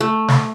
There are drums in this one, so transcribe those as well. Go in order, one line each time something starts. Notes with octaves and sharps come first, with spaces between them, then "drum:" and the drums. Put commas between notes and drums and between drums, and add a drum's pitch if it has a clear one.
A3
drum: snare